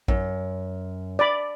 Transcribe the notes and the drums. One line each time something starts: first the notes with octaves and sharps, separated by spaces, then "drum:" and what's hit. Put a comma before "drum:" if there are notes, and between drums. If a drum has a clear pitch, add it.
F#2, drum: kick A1
D5 B5